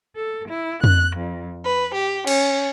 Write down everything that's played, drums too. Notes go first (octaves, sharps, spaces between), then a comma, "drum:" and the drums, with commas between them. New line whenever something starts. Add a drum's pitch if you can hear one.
A4
E4
F#6, drum: tom F2
F2
B4
G4
C#4, drum: cymbal